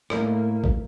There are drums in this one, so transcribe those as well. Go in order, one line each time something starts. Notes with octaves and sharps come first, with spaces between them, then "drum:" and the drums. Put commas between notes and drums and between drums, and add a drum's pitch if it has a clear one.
A2 A3 A#3, drum: rim click
drum: kick A1